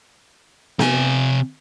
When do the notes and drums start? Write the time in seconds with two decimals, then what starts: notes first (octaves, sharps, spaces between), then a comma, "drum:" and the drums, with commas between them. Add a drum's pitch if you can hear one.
0.79 C3 G#5, drum: snare B3